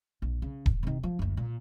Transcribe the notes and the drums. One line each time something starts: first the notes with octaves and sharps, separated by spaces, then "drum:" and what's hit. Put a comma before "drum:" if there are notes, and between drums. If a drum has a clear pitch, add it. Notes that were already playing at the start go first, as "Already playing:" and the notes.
A#1
C#3
drum: kick D#1
C3 D#3
F3
F#1 D2
A#2